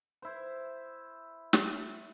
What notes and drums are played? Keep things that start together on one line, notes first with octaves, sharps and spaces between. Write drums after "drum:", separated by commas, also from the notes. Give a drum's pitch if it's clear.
E4 C5
drum: snare